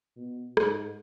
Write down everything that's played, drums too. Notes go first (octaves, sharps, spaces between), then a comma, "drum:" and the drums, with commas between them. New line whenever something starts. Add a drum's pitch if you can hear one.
B2
G#2, drum: rim click